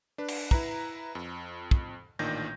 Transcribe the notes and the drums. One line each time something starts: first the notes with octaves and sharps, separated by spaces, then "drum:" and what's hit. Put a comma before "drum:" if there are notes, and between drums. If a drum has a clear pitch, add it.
D4 B4
drum: cymbal
E4 B4 A#5, drum: kick
F2
drum: kick
A1 A#2 D#3 D4 G6 A#6